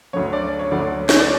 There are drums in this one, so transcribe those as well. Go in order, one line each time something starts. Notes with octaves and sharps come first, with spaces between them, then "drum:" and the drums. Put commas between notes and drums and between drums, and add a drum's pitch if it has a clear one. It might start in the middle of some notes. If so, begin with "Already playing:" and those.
D2 D3 F#3 C#5
D5
C#5
D2 D3 F#3 D5
C#5, drum: snare
D5